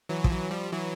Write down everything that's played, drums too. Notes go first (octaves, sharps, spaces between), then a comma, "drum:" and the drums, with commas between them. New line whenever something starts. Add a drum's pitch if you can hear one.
E3 F#3
F3, drum: kick
E3 F#3
F3 G3
E3 F#3